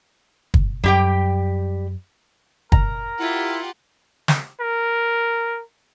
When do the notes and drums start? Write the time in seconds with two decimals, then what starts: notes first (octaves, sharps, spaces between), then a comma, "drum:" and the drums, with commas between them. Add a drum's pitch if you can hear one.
0.54 drum: kick
0.84 F#2 G3 G4 G5
2.72 A#4 A#5, drum: kick
3.19 E4 F4 G4 F#5
4.28 drum: snare
4.60 A#4